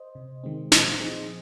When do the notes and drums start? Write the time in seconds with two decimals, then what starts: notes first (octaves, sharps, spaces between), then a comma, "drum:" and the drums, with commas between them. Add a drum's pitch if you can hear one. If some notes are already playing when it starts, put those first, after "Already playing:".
Already playing: C5 D#5
0.15 C3
0.44 D#3 G#3 C4
0.72 A#2 C5 D#5, drum: snare
1.00 F3 C4 D#4 G#4 C5